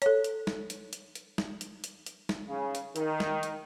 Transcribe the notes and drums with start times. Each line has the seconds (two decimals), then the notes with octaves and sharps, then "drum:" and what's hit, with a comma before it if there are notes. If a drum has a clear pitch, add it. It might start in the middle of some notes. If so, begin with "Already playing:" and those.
0.02 A4 C#5, drum: hi-hat
0.24 drum: hi-hat
0.47 drum: snare
0.70 drum: hi-hat
0.93 drum: hi-hat
1.15 drum: hi-hat
1.38 drum: snare
1.61 drum: hi-hat
1.84 drum: hi-hat
2.06 drum: hi-hat
2.29 drum: snare
2.47 C#3
2.75 drum: hi-hat
2.96 D#3, drum: hi-hat
3.20 drum: snare
3.43 drum: hi-hat